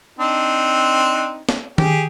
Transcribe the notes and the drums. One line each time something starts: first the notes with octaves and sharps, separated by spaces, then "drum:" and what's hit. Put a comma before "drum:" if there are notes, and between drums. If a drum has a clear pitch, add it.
C4 D4 D#4
drum: snare
G4 G#4, drum: tom D#3